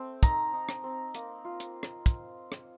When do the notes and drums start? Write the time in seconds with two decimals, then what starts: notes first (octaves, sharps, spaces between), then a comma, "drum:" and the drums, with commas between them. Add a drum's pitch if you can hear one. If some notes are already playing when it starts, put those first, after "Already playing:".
Already playing: A3 C4
0.23 D#4 A#5, drum: kick, hi-hat
0.53 D#4
0.69 drum: rim click
0.84 C4
1.14 A#3, drum: hi-hat
1.45 F4
1.60 drum: hi-hat
1.83 drum: rim click
2.06 drum: kick, hi-hat
2.52 drum: rim click